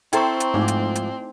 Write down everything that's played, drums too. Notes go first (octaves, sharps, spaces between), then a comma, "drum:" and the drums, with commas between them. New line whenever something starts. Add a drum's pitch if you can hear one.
C4 E4 A4 C5 G5 A#5 C#6, drum: hi-hat
drum: hi-hat
G#2 F3 A3 D#4
drum: hi-hat
drum: hi-hat